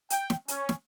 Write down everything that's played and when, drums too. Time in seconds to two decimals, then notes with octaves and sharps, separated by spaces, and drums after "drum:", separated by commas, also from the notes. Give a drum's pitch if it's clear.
0.10 G5, drum: hi-hat
0.30 drum: snare
0.48 C#4, drum: hi-hat
0.69 drum: snare